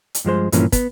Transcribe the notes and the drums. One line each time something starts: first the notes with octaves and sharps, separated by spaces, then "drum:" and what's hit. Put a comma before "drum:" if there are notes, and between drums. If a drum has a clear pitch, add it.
drum: hi-hat
G2 F3 G#3 C5
G2 A#2 E3 F3 A#3 C#4, drum: hi-hat
B3, drum: kick, hi-hat